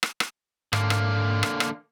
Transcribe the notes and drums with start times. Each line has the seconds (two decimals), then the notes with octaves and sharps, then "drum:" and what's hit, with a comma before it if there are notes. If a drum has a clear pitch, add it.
0.03 drum: rim click
0.20 drum: rim click
0.73 G#2 D3 A#3, drum: rim click
0.90 drum: rim click
1.43 drum: rim click
1.60 drum: rim click